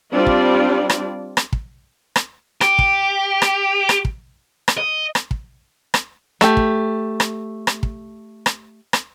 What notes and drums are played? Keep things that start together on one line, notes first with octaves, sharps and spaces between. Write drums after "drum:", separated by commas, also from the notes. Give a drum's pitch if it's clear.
G3 C4 D4 F4 D5
drum: kick
drum: rim click
drum: rim click
drum: kick
drum: rim click
G4, drum: rim click
drum: kick
drum: rim click
drum: rim click
drum: kick
drum: rim click
D#5
drum: rim click
drum: kick
drum: rim click
A3 G4, drum: rim click
drum: kick
drum: rim click
drum: rim click
drum: kick
drum: rim click
drum: rim click